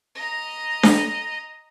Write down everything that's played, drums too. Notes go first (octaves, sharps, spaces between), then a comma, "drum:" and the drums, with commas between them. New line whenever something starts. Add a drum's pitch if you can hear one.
D#5 A#5
drum: snare D4